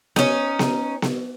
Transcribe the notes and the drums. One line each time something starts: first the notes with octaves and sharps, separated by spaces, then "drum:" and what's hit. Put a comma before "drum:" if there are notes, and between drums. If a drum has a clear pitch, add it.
C#4 D#4, drum: snare B3
drum: snare B3
drum: snare B3